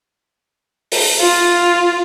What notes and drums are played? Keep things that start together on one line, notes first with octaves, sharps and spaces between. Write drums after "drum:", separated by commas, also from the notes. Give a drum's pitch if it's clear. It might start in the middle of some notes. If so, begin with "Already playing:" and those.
drum: open hi-hat
F4